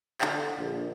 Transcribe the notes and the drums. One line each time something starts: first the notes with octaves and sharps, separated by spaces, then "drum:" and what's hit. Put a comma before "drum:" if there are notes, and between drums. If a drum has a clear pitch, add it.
D3, drum: clap
A#1